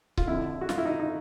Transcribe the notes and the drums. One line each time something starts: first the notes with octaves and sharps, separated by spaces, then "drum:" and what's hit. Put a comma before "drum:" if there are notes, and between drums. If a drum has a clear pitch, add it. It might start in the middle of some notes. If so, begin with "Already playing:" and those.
F4, drum: kick C#1
F2 D3 F3 E4
F#4
F4, drum: snare
E4
D#4
D#4